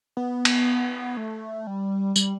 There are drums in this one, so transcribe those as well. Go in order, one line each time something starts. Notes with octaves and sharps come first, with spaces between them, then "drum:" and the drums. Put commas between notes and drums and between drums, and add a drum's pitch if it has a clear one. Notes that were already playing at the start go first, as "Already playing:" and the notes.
B3
drum: cymbal
A3
G3
G3, drum: tambourine